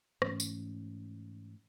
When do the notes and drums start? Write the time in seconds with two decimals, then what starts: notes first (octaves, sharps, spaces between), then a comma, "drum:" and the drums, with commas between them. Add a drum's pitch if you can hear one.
0.22 G#2 E3 A3 C#4, drum: rim click
0.40 drum: tambourine